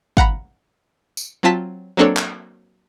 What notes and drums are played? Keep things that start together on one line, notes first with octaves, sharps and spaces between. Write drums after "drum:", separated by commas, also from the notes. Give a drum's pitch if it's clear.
F5 F#5 A#5 B5, drum: kick
drum: tambourine
F#3 C4 F4 A5 B6
F#3 A#3 C4 D4 A4 C#5
drum: clap